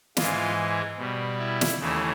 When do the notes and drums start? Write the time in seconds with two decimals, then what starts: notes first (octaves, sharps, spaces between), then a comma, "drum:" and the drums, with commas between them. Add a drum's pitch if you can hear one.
0.17 G#2 E3 G#3 F4, drum: snare
0.98 B2 G3
1.39 E4
1.61 drum: snare
1.79 D#2 C#3 E3 A3